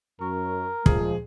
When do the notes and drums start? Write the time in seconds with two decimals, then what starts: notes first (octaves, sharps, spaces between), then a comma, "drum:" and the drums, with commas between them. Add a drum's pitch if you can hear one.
0.21 F#2 A#4 C#6
0.86 D2 A#2 F3 G#3 G#4, drum: kick